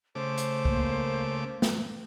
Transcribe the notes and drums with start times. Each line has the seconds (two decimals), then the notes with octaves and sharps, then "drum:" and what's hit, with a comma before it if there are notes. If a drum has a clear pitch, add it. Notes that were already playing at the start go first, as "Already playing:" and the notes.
0.15 C#3 A3 C5 D6
0.38 drum: hi-hat
0.65 A#3, drum: kick C2
1.62 drum: snare